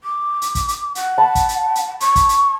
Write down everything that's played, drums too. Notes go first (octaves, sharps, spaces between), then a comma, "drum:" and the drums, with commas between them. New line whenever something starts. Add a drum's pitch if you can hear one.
D6
drum: hi-hat
drum: kick, hi-hat
drum: hi-hat
F#5, drum: hi-hat
A5 B5
drum: kick, hi-hat
drum: hi-hat
drum: hi-hat
C#6, drum: hi-hat
drum: kick, hi-hat
drum: hi-hat